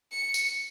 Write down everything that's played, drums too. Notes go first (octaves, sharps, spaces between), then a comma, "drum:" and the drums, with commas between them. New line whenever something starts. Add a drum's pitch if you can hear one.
C#7
drum: tambourine